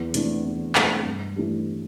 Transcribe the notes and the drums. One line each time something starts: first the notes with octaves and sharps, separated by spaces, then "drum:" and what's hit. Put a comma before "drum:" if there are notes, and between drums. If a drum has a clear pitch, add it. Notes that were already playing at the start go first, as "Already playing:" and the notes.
Already playing: E2
C3 E3 A3 D4, drum: hi-hat
E2
C3 E3 A3 D4, drum: clap
G2
E3 A3 D4 G4